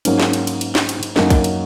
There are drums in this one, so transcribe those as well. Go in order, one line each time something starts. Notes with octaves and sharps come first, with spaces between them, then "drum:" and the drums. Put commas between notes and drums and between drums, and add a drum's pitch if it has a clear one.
G#2 F#3 A#3 C#4, drum: cymbal
drum: snare
drum: cymbal
drum: cymbal
drum: cymbal
drum: snare
drum: cymbal
drum: cymbal
F#2 F#3 A#3 D#4, drum: snare
drum: kick, cymbal
drum: cymbal